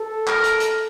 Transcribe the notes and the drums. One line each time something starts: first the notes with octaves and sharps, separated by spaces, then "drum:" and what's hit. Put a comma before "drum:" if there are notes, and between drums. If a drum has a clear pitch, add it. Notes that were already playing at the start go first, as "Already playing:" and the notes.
Already playing: A4
A#4, drum: clap
drum: hi-hat
drum: hi-hat